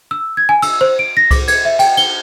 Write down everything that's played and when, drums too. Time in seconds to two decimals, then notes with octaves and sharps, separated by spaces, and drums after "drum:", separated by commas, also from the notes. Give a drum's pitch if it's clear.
0.11 E6
0.37 G#6
0.49 G#5
0.62 E6, drum: cymbal
0.81 C5
0.99 D7
1.17 A#6
1.31 D6, drum: kick C2, cymbal
1.48 G#6, drum: cymbal
1.65 E5
1.79 G5, drum: cymbal
1.97 G7, drum: cymbal